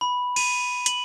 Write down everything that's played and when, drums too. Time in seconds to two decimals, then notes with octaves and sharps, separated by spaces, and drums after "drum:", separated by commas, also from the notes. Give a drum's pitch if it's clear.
0.01 B5
0.36 D#7, drum: cymbal
0.86 F#7, drum: hi-hat